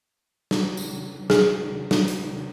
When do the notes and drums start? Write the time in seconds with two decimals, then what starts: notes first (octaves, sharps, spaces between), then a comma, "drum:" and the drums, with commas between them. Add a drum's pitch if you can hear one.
0.51 drum: snare
0.77 drum: tambourine
1.30 G#4, drum: snare
1.91 drum: snare
2.08 drum: hi-hat